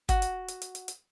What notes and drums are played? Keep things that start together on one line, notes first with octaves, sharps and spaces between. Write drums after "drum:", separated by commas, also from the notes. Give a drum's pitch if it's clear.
F#4, drum: kick G1, hi-hat
drum: hi-hat
drum: hi-hat
drum: hi-hat
drum: hi-hat
drum: hi-hat